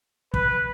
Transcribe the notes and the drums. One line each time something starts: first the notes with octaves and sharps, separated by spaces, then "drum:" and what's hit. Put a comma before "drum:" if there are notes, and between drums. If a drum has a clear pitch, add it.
B4, drum: kick